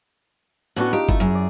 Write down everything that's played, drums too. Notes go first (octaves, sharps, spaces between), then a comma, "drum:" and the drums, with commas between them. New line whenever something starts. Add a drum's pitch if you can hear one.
A2 B3 C#4 D4 F#4
D#4 F4 G4
A3 E4, drum: kick G1
F#2 G#4
D5